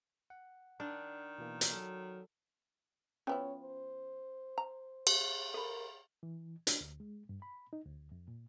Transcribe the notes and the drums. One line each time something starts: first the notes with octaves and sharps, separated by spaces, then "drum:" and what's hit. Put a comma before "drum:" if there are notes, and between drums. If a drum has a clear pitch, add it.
F#5
D#3 D4
B2 E3 A#3
drum: hi-hat
F#3 A4
F3 B3 C#4 E4 C#5
C5
A#5
drum: cymbal
A4 A#4 B5
E3
D4, drum: hi-hat
D2
G#3
G2
B5
D#4
D2
F2
A#2